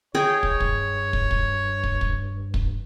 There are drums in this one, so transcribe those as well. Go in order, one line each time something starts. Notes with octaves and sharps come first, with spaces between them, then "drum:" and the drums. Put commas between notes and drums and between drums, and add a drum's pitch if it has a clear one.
G#4 C#5 D#5 G5
drum: kick
G2, drum: kick
drum: kick
drum: kick
drum: kick
drum: kick
drum: kick